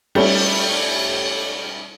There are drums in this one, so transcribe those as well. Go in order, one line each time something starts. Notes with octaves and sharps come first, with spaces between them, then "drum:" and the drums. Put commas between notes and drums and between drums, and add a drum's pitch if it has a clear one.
G3 A3 C#4, drum: cymbal